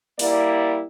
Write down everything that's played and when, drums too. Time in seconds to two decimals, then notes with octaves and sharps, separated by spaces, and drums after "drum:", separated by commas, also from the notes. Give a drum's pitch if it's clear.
0.19 G3 A#3 E4 D5, drum: open hi-hat